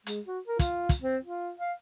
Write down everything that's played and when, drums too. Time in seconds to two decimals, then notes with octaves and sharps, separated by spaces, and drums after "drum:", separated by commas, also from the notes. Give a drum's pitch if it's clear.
0.06 G#3, drum: hi-hat
0.27 F#4
0.48 A#4
0.59 F4, drum: kick, hi-hat
0.89 drum: kick, hi-hat
1.01 C4
1.25 F4
1.59 F5